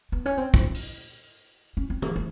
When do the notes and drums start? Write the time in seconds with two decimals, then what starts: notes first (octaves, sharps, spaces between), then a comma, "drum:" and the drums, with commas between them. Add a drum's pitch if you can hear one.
0.12 B3
0.26 C#4
0.38 C4
0.54 drum: kick
0.74 drum: open hi-hat
1.77 C#4
1.90 C4
2.02 A#3, drum: tom
2.16 A3